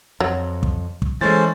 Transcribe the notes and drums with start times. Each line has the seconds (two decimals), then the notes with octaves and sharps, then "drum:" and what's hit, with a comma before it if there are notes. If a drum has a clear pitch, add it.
0.20 F2 F#3
0.63 drum: kick
1.02 drum: kick
1.21 E3 G#3 A3 C#4 C5 A6